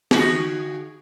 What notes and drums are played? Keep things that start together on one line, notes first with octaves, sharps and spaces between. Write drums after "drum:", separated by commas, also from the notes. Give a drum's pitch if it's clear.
D3 F#4 G#4, drum: snare